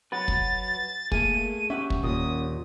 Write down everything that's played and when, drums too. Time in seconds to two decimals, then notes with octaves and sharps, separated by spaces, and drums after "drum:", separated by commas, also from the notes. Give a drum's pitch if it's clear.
0.12 F#3 F#4 B4 A6
0.28 drum: kick
1.12 A3 A#3 G#4 D#7, drum: kick
1.70 C#4 G4 E5 F#5
1.90 drum: kick
2.03 D#2 A#2 D#6